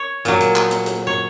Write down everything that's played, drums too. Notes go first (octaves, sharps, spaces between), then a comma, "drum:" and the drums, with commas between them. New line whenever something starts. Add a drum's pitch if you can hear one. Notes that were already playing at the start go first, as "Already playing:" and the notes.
Already playing: C#5
A#2 F#3, drum: hi-hat
drum: hi-hat
drum: clap
drum: hi-hat
drum: hi-hat
C#5